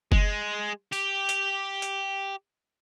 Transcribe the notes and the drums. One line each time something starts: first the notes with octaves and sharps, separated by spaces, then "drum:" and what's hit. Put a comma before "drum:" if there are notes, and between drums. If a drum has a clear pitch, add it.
G#3, drum: kick F#1
G4, drum: tambourine
drum: hi-hat
drum: hi-hat